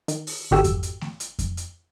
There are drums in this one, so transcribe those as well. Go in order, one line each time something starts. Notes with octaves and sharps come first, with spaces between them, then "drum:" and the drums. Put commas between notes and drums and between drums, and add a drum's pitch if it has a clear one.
D#3, drum: hi-hat
drum: open hi-hat
G#1 F#4 G4 A4 E6
drum: kick F2, hi-hat
drum: hi-hat
drum: snare A3
drum: hi-hat
drum: kick F2, hi-hat
drum: hi-hat